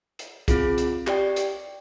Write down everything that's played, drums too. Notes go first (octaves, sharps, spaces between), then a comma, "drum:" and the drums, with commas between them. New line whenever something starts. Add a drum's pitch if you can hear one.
drum: hi-hat
C4 F4 G#4, drum: kick, hi-hat
drum: hi-hat
G4 D5 G5, drum: clap
drum: hi-hat